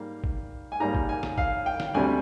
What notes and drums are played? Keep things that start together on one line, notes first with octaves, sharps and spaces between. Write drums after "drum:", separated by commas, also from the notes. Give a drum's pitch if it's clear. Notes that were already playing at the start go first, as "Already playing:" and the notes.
Already playing: G#2 G3 A#3 F5
drum: kick G#1
G#5
G#2 G3 A#3 A#5
drum: kick G#1
G#5
drum: snare
F5, drum: kick G#1
G5
drum: snare
D2 C3 G3 G#5